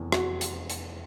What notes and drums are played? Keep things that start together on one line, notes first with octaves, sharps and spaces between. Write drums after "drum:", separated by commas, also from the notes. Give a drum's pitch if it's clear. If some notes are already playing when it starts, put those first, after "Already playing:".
Already playing: F1 E2
F#4, drum: rim click
drum: hi-hat
drum: hi-hat